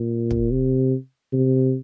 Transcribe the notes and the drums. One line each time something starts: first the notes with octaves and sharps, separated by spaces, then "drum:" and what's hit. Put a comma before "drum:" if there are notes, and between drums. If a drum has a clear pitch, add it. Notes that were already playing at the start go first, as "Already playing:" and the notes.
Already playing: A#2
drum: kick
C3
C3